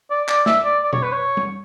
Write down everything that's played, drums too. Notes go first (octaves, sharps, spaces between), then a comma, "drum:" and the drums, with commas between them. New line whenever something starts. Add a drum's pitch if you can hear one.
D5
D5, drum: clap
E5, drum: snare
D5
D5
C#5, drum: tom B2
B4
C#5
drum: tom G3